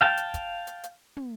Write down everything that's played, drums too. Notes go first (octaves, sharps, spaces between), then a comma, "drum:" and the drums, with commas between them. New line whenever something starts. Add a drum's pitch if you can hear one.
F5 G5 A5
drum: hi-hat
drum: kick, hi-hat
drum: hi-hat
drum: hi-hat
drum: tom